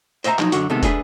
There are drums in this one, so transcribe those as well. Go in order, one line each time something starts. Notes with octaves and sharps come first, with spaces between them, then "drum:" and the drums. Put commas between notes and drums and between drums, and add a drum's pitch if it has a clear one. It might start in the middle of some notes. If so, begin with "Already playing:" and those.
C5 D#5 E5 G5 A#5, drum: hi-hat
F3 F#3 D#4, drum: clap
F#2 D3 F#4, drum: hi-hat
C3 D#3 G#3 B3 A4
A3 D4 G#4 A4 B4, drum: kick, hi-hat